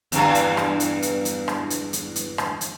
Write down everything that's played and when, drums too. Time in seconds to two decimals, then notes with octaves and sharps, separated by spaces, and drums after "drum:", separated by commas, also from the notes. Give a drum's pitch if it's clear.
0.12 E2 G2 E3, drum: hi-hat
0.35 drum: hi-hat
0.57 drum: rim click
0.80 drum: hi-hat
1.02 drum: hi-hat
1.25 drum: hi-hat
1.48 drum: rim click
1.70 drum: hi-hat
1.93 drum: hi-hat
2.16 drum: hi-hat
2.38 drum: rim click
2.61 drum: hi-hat